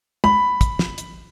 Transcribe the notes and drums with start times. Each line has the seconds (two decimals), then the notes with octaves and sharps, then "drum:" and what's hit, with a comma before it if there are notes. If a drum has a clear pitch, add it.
0.24 B5, drum: tom
0.61 drum: kick, hi-hat
0.79 drum: snare
0.98 drum: hi-hat